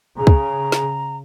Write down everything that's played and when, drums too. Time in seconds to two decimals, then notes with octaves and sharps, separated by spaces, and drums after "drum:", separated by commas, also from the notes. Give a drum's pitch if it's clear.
0.17 C#3 G#4 A#5
0.27 drum: kick
0.72 drum: snare